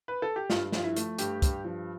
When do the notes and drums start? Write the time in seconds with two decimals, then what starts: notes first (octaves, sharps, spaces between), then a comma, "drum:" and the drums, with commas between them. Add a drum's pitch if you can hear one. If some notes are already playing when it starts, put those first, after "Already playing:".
0.08 B4
0.22 A4
0.36 G4
0.50 G2 F4, drum: snare
0.72 F3 F4, drum: snare
0.84 E4
0.96 A3, drum: hi-hat
1.19 G2 G4, drum: hi-hat
1.42 G2, drum: kick, hi-hat
1.64 F3